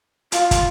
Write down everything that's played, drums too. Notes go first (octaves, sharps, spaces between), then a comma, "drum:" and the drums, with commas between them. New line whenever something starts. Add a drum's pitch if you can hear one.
F4, drum: hi-hat
drum: kick, hi-hat